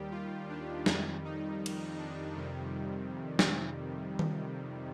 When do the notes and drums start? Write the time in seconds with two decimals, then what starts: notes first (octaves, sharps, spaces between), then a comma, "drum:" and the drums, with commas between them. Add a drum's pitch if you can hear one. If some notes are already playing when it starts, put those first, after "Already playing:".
Already playing: D#2 D#3 G3 G4
0.11 F4
0.49 D4
0.86 F2 D#3 G3, drum: snare
1.24 D#4
1.66 drum: cymbal
1.98 D4
2.36 F2 C3 D#3 G3
3.39 drum: snare
4.19 drum: tom D#3